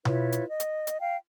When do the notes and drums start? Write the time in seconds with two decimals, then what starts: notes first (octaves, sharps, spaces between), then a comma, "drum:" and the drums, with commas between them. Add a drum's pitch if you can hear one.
0.05 E4 F4 B4 C#5, drum: tom B2
0.32 drum: hi-hat
0.48 D#5
0.60 drum: hi-hat
0.87 drum: hi-hat
1.00 F5 G5